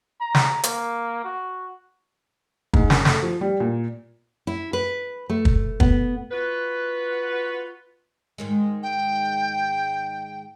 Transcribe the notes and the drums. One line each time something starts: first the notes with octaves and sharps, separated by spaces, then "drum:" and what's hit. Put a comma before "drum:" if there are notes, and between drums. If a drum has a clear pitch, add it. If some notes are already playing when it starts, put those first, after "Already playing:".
A#5
drum: snare
A#3, drum: hi-hat
F#4
G#2, drum: kick
F#2, drum: snare
A3, drum: snare
F3
G3
A#2
E4
B4
A3
drum: kick
B3, drum: kick
F4 F#4 B4
G#2 D#3 G#3
G5